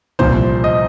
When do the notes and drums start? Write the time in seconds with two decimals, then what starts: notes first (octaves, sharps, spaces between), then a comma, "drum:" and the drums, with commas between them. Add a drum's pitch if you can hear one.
0.19 C2 A#2 F3 C5, drum: tom
0.64 D#5